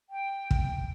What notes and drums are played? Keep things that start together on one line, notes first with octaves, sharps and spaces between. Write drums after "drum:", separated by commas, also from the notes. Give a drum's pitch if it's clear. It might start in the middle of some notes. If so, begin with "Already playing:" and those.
G5
drum: kick